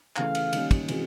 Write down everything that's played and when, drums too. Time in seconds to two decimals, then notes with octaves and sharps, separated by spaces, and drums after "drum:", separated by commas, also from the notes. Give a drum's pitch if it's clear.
0.16 C#3 E3 A3 F5, drum: clap
0.35 drum: cymbal
0.53 D#3 G3 A#3 C#4, drum: cymbal
0.71 drum: kick, cymbal
0.88 C3 E3 G#3 C#4 F#4, drum: cymbal